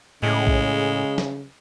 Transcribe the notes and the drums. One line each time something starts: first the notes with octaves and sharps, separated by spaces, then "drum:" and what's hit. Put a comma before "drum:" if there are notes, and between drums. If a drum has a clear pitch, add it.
A2 C#3 G#3
drum: kick A#1
drum: snare